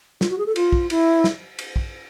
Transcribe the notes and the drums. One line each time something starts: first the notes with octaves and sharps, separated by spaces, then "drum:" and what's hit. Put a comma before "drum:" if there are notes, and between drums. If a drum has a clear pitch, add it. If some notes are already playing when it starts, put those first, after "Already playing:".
F4, drum: snare
F#4
G#4
A4
F4, drum: cymbal
drum: kick
E4, drum: cymbal
drum: snare
drum: cymbal
drum: kick